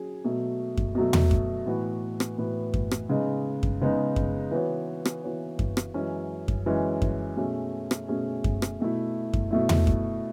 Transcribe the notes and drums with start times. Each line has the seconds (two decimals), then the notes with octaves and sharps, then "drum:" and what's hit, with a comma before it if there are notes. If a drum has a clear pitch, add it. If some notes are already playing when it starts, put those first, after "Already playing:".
Already playing: F#3 C#4 G#4
0.24 B2 F#3 A3
0.77 drum: kick F#2
0.95 B2 F#3 A3
1.13 drum: tom E2
1.31 drum: kick F#2
1.67 A2 E3 B3 F#4 B4
2.20 drum: rim click
2.38 A2 E3 B3 F#4 B4
2.74 drum: kick F#2
2.91 drum: rim click
3.09 C#3 G#3 B3 D#4
3.63 drum: kick F#2
3.81 C#3 G#3 B3 D#4
4.16 drum: kick F#2
4.51 E3 B3 F#4 C#5
5.05 drum: rim click
5.23 E3 B3 F#4 C#5
5.59 drum: kick F#2
5.77 drum: rim click
5.94 F#2 E3 G#3 C#4
6.48 drum: kick F#2
6.66 F#2 E3 G#3 C#4
7.02 drum: kick F#2
7.37 B2 A3 C#4 G#4
7.91 drum: rim click
8.08 B2 A3 C#4 G#4
8.44 drum: kick F#2
8.62 drum: rim click
8.80 B2 A3 E4
9.33 drum: kick F#2
9.51 B2 A3 E4
9.69 drum: tom E2
9.87 drum: kick F#2